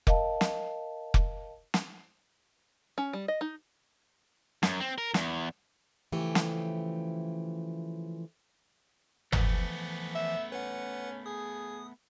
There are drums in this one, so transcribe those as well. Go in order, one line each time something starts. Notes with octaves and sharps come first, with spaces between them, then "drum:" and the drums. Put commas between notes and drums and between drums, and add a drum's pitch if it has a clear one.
A#4 D#5 F5 A5, drum: kick F1
drum: snare
drum: kick F1
drum: snare
C#4
G3
D#5
D#4
F#2, drum: snare
C4
A#4
E2, drum: snare
C#3 E3 F3 A3 G4
drum: snare
E3 F3 A3 B3, drum: tom G1
E5
C#4 B4 F#5
G#4 D#6